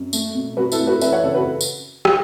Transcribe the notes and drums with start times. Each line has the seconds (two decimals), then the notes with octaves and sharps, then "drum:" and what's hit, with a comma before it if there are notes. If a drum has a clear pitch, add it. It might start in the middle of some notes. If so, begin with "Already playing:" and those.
Already playing: F#2
0.13 A3, drum: tambourine
0.35 B2
0.57 F#3 F#4 B4
0.72 E4 A4, drum: tambourine
0.80 A3
0.86 F#4 B4
1.01 E3 B4 E5, drum: tambourine
1.12 C#5 F#5
1.24 C#3 A4 C#5
1.34 F#4 B4
1.61 drum: tambourine
2.05 drum: rim click